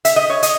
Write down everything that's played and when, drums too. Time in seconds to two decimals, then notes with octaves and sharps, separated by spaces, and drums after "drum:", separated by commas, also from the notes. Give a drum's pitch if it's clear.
0.05 E5, drum: hi-hat
0.16 D#5
0.30 C#5
0.43 D#5, drum: hi-hat